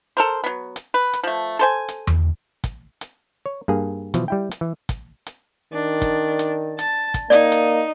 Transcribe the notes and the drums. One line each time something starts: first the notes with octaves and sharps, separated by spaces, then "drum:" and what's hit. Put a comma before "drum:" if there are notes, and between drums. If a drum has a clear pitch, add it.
A4 A#4 C5
F#3 B3
drum: hi-hat
B4
drum: hi-hat
F3 A3
A4 C5 G#5
drum: hi-hat
drum: tom E2
drum: kick, hi-hat
drum: hi-hat
C#5
G2 A#3 G#4
B2 E3 F3, drum: hi-hat
G3 E4 G5
drum: hi-hat
E3
drum: kick, hi-hat
drum: hi-hat
D#3 D4
drum: kick, hi-hat
drum: hi-hat
A5, drum: hi-hat
drum: kick, hi-hat
A#3 D#4 D5
drum: hi-hat